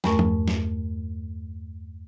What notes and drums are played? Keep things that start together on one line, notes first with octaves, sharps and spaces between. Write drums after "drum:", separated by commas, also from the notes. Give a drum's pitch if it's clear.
E2 G2 A3 A#4 C#6, drum: snare
drum: tom F3
drum: snare